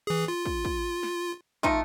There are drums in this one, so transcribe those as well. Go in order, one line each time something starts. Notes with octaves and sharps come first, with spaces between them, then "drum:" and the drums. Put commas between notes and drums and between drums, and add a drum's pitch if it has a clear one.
E3 G#4
F4
drum: kick
drum: kick
drum: snare
A3 D#4 F4, drum: kick